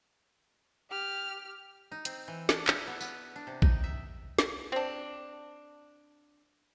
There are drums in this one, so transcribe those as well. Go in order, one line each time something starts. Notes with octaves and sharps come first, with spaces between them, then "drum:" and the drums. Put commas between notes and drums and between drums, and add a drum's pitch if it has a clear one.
G4 F6
D#4
C4, drum: hi-hat
E3
D4, drum: snare
E4, drum: clap
B3
B3, drum: tambourine
D4
C3
D#4, drum: kick A#1
E5
drum: snare
C4 D4